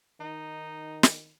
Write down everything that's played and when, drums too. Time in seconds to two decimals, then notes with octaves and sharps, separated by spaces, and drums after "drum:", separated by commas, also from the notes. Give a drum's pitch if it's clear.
0.20 D#3 D#4
1.03 drum: snare